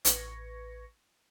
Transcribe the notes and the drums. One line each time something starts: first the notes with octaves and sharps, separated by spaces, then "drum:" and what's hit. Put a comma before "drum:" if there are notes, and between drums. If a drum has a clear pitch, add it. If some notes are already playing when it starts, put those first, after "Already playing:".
A1 B4 C#6 G#6 A#6 C#7, drum: hi-hat